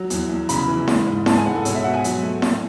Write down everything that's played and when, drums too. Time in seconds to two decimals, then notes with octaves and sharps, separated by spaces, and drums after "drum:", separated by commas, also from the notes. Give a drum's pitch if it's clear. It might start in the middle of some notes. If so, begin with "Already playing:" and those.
Already playing: F#3
0.10 E2, drum: hi-hat
0.29 E2
0.49 C#3 B5, drum: hi-hat
0.68 E3
0.88 G#3, drum: snare E4
1.07 G#2
1.26 G#3 A5, drum: snare E4
1.36 G#5
1.46 G#2 F#5
1.55 A4
1.65 B2 C#5, drum: hi-hat
1.75 E5
1.84 B2 F#5
1.94 G#5
2.04 F#3, drum: hi-hat
2.23 A3
2.42 A2, drum: snare E4